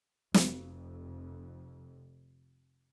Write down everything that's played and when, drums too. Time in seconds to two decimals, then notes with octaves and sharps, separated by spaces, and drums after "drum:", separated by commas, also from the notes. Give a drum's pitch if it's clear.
0.34 F1 F2, drum: snare